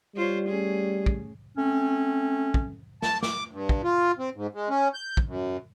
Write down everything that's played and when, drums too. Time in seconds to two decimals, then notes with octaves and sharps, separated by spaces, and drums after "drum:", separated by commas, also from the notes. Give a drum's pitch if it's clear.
0.16 G3 F4 C5 C#5
0.48 A3 C#4 G#4
1.06 drum: kick
1.57 A3 C4 C#4
2.54 drum: kick
3.02 A5, drum: snare
3.23 D6, drum: snare
3.51 G2
3.69 drum: kick
3.84 F4
4.19 C4
4.35 G#2
4.54 G#3
4.69 C#4
4.94 G6
5.17 drum: kick
5.27 F#2